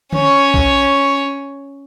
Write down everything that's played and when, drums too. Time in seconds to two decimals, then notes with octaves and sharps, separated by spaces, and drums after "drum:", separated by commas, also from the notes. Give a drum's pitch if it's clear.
0.13 C#4 C#5, drum: tom D3
0.54 drum: kick